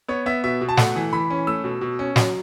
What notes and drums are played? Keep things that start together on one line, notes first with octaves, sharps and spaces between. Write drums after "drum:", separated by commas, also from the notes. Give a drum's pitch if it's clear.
B3 C#5
B3 E5
B2 E5
B2
A5
A3 F#5, drum: snare
E3
E3 B5
C#4
A3 E6
B2
B2
C#4
F#3, drum: snare